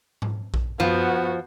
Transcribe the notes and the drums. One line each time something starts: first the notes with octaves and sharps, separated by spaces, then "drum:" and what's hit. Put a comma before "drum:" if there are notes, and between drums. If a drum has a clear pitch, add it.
drum: tom G#2
drum: kick A#1
F3 B3 F#4, drum: tom F#2